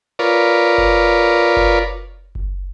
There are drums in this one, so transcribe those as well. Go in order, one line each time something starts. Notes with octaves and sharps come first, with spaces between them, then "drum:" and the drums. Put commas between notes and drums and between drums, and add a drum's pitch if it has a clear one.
F4 A#4 B4 C#5 D5
drum: kick F#1
drum: kick F#1
drum: kick F#1